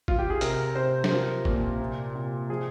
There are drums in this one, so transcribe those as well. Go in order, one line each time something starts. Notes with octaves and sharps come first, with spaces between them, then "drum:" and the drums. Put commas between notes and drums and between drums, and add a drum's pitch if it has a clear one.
F4, drum: kick
G4
G#4
C3 A#4, drum: hi-hat
C3 C5
C5, drum: snare
F3 A#4
A#2, drum: kick
C3
C3
F3 G#4